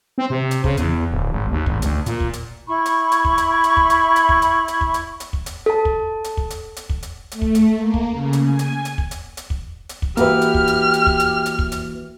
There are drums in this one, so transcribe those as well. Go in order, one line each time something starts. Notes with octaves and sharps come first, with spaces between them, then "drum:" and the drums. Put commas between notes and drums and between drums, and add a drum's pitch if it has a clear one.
C4
C3
drum: hi-hat
C#3, drum: kick
E2, drum: hi-hat
D1
G#1
D#2
G#1, drum: kick
D2, drum: hi-hat
A#2, drum: hi-hat
drum: kick
drum: hi-hat
E4 B5 C#6
drum: hi-hat
drum: hi-hat
drum: kick
drum: hi-hat
drum: hi-hat
drum: kick
drum: hi-hat
drum: hi-hat
drum: kick
drum: hi-hat
drum: hi-hat
drum: kick
drum: hi-hat
drum: hi-hat
drum: kick
drum: hi-hat
A4 A5
drum: kick
drum: hi-hat
drum: kick
drum: hi-hat
drum: hi-hat
drum: kick
drum: hi-hat
A3, drum: hi-hat
drum: kick
drum: hi-hat
A#3
drum: kick
C#3
drum: hi-hat
G#5
drum: hi-hat
drum: hi-hat
drum: kick
drum: hi-hat
drum: hi-hat
drum: kick
drum: hi-hat
drum: kick
E3 A#3 F#4 G4 B4 E5 F6, drum: hi-hat
drum: hi-hat
drum: kick
drum: hi-hat
drum: hi-hat
drum: kick
drum: hi-hat
drum: hi-hat
drum: kick
drum: hi-hat